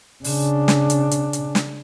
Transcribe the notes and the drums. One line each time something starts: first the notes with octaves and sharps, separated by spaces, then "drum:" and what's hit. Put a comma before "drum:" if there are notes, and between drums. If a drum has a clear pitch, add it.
C#3 D4, drum: open hi-hat
drum: snare
drum: hi-hat
drum: hi-hat
drum: hi-hat
drum: snare